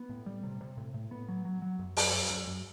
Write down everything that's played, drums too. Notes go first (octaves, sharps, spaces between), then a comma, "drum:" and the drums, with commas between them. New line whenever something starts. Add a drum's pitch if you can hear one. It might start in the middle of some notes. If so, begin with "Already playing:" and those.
Already playing: B3
A2
G3
C3
C3
A2
A2
B3
F#3
F#3
F#3
F#2
F#2, drum: open hi-hat
F#2
F#2
F#2